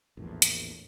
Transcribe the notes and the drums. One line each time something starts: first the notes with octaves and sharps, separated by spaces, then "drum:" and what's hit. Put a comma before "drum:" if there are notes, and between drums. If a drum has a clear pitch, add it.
A#1 E2 A2
drum: hi-hat